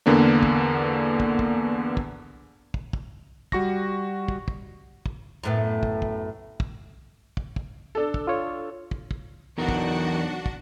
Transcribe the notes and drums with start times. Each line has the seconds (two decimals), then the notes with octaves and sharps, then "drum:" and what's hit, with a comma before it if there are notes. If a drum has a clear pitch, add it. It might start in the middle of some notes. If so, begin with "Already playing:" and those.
0.06 E2 D3 A#3 B3 D4
0.43 drum: kick
1.20 drum: kick
1.39 drum: kick
1.97 drum: kick
2.74 drum: kick
2.93 drum: kick
3.52 G3 F#4 C#6 A#6, drum: kick
4.28 drum: kick
4.48 drum: kick
5.06 drum: kick
5.43 F#2 A2 B3
5.83 drum: kick
6.02 drum: kick
6.60 drum: kick
7.37 drum: kick
7.56 drum: kick
7.95 D4 A4
8.14 drum: kick
8.27 F4 C#5
8.91 drum: kick
9.11 drum: kick
9.58 B1 E2 E3 D4 F#4 A#4 F#5
9.69 drum: kick
10.46 drum: kick